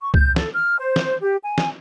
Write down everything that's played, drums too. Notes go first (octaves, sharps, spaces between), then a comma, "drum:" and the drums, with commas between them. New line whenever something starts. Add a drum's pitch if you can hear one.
C#6
G6, drum: kick
A4, drum: snare
F6
C5
drum: snare
G4
G#5
drum: snare